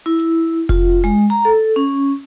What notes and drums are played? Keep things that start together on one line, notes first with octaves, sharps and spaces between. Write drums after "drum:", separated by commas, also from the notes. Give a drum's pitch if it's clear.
E4
drum: hi-hat
F4, drum: kick F1
G#3, drum: hi-hat
A#5
A4
C#4